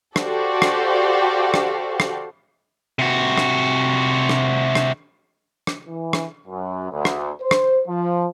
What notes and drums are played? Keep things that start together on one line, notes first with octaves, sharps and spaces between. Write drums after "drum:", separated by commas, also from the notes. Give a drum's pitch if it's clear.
F#4 G4 A4 C5 D5 F5, drum: rim click
drum: rim click
drum: rim click
drum: rim click
C3 F#4
drum: rim click
drum: rim click
drum: rim click
drum: rim click
E3
drum: rim click
F#2
D2
drum: rim click
C5
drum: rim click
F3